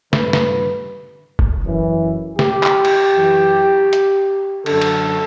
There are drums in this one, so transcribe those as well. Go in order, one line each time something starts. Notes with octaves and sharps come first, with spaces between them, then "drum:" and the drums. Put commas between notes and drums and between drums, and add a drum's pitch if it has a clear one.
G2 D3 B4, drum: snare
drum: snare
drum: kick F1
F#2 E3
G4, drum: snare
drum: clap
drum: cymbal
F#2 E3
drum: hi-hat
F#2 D3 A4, drum: cymbal
drum: cymbal